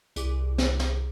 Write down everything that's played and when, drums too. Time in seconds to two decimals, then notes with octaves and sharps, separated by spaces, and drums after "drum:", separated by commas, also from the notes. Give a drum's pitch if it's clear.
0.16 C2 E4 G#4 D6, drum: hi-hat
0.58 drum: snare
0.79 drum: snare